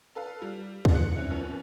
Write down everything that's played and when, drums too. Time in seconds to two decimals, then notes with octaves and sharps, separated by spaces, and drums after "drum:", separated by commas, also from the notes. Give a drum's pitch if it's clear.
0.15 A4 B4 F5
0.42 G3
0.85 drum: kick D2
0.95 F#6 C#7
1.15 C4 C#4 E4
1.30 F#2 F3 B3 C#4